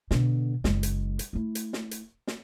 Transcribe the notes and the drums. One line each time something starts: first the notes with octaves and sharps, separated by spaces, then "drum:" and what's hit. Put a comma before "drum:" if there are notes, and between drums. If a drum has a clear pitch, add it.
B2 D3, drum: snare
F#1 G#3, drum: snare
drum: hi-hat
drum: hi-hat
A3 E4
drum: hi-hat
drum: snare
drum: hi-hat
drum: snare